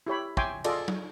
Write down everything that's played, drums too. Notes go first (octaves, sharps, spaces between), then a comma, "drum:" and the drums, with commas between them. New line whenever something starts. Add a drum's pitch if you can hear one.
E4 G4 C#5 B5
C#5 E5 G5 G#5 C6 D6, drum: kick
F4 G#4 A4 D5 D#5, drum: cymbal
drum: tom F#3